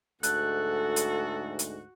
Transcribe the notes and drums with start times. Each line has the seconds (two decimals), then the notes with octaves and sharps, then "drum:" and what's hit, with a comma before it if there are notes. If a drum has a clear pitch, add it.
0.23 D2 G#2 F#4 A4 F#6, drum: hi-hat
0.96 drum: hi-hat
1.59 drum: hi-hat